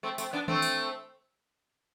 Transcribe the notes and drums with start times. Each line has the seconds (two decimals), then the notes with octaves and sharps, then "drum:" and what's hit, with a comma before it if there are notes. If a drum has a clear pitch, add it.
0.03 A3 C4
0.18 A3 C4, drum: tambourine
0.33 B3 D4
0.48 A3 C4, drum: tom D#3
0.62 drum: open hi-hat